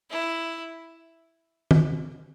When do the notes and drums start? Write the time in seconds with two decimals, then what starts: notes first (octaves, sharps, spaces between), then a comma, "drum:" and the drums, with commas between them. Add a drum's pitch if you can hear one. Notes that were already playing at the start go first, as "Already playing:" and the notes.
0.11 E4
1.71 drum: tom D#3